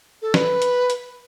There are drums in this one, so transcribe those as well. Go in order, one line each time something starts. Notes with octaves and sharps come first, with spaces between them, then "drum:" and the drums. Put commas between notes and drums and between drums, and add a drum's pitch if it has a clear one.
A4
B4, drum: snare
drum: hi-hat
drum: hi-hat